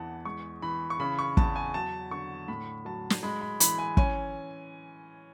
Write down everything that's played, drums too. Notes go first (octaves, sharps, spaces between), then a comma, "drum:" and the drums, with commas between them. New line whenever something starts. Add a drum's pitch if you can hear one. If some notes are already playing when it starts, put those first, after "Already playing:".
Already playing: E2 E3 F#5 A5
G#3 C#6
E3 B5
C#6
C#3 B5
C#6
E2 A5, drum: kick
G#5
F#3 A5
D3 C#6
A2 B5
F#3 A5
drum: snare
G#3 B5
B5
E3 B5, drum: hi-hat
G#5
C#4 G#5, drum: kick